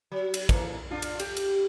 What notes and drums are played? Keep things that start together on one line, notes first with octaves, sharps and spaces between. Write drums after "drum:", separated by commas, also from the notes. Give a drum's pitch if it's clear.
F#3
drum: cymbal
E3 A#3, drum: kick, cymbal
D4 F4
drum: cymbal
G4, drum: cymbal
drum: cymbal